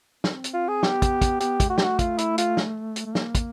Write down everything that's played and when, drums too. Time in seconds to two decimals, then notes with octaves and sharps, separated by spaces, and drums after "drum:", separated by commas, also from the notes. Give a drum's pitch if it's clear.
0.24 C4, drum: snare
0.44 drum: hi-hat
0.53 F4
0.68 G#4
0.83 B3 G4, drum: snare
1.02 drum: kick, hi-hat
1.21 drum: kick, hi-hat
1.40 B3 G4, drum: hi-hat
1.60 G#3, drum: kick, hi-hat
1.70 A3 F#4
1.78 G4, drum: snare
1.85 F#4
1.99 F4, drum: kick, hi-hat
2.18 E4, drum: hi-hat
2.38 F4, drum: hi-hat
2.57 drum: snare
2.96 drum: hi-hat
3.06 A3
3.15 A#3, drum: snare
3.35 drum: kick, hi-hat